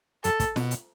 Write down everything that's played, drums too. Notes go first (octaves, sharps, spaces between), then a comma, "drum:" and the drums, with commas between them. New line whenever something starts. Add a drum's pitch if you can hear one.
F#2 A4, drum: hi-hat
A2, drum: kick, hi-hat
B2, drum: snare
drum: hi-hat